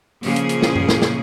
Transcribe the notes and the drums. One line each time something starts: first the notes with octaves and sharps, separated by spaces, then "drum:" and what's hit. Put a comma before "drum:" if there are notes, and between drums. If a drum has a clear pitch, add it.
A#2 C#3 F3 A#3 G#4, drum: open hi-hat
drum: hi-hat
drum: hi-hat
drum: snare
drum: tom F#2
drum: snare
drum: snare